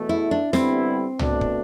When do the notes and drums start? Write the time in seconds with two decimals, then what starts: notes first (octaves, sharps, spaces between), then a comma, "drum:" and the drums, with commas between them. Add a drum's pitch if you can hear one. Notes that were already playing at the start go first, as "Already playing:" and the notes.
Already playing: E2 B2 A3
0.09 E4
0.31 D4
0.53 G2 D3 G3 B3 C4 E4, drum: snare
1.19 B2 A3 D4, drum: tom
1.41 drum: kick